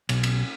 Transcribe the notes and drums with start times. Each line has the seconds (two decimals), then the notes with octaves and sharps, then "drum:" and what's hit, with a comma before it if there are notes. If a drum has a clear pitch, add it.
0.09 B1, drum: cymbal
0.23 drum: cymbal